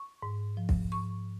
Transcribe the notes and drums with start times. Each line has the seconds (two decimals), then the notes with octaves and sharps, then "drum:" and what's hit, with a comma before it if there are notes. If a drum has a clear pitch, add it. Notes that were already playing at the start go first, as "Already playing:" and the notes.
Already playing: C#6
0.22 G#2
0.57 F3
0.69 drum: kick
0.92 G#2 C#6